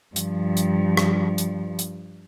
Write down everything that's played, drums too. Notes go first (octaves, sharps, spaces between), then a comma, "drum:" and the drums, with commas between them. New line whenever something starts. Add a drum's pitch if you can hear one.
G2 F3, drum: hi-hat
drum: hi-hat
drum: rim click
drum: hi-hat
drum: hi-hat